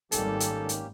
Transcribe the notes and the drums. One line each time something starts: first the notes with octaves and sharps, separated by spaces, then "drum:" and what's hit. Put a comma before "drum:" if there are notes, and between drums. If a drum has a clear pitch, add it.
G#1 F#2 D#3 G3 A#3 C#4 G4 A4, drum: hi-hat
drum: hi-hat
drum: hi-hat